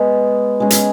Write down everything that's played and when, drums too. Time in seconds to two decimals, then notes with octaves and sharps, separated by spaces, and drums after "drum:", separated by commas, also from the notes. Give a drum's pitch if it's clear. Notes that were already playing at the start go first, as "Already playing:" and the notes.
Already playing: G#3 B3 G#4
0.60 G#3 C#4 G#4
0.70 drum: hi-hat